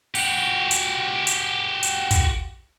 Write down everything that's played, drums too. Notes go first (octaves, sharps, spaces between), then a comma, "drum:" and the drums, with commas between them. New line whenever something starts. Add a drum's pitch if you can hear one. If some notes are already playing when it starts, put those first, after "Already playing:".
F#4 G4, drum: open hi-hat
drum: hi-hat
drum: hi-hat
drum: hi-hat
drum: kick, hi-hat